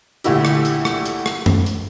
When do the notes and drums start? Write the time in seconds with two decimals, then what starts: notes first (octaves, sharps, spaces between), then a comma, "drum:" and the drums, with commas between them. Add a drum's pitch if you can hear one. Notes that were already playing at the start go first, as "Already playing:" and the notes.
0.24 A#1 D3 A3 E4 G4, drum: hi-hat
0.45 drum: rim click
0.65 drum: hi-hat
0.85 drum: rim click
1.06 drum: hi-hat
1.26 drum: rim click
1.46 drum: tom F#2
1.66 drum: hi-hat